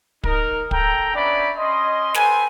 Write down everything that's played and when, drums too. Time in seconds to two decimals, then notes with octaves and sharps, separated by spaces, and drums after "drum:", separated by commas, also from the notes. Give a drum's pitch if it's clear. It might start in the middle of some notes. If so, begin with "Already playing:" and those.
0.24 D#4 A#4, drum: kick
0.71 A4 G5 A#5, drum: kick
1.14 B3 C#4 D4 D5 E5 B5
1.57 C#4 D#5 C6
2.14 G4 A4 B4 C5 G#5, drum: snare